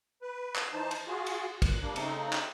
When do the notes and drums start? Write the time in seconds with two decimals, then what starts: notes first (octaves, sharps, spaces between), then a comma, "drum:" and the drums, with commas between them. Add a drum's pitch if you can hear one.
0.22 B4
0.56 drum: clap
0.73 E3 D#4 C5 A5
0.91 drum: cymbal
1.07 F4 F#4 G#4
1.26 drum: cymbal
1.62 A#2 F#6, drum: kick, cymbal
1.82 G3 A#3 D4
1.96 C#3 A3 C4 D#4, drum: cymbal
2.33 drum: clap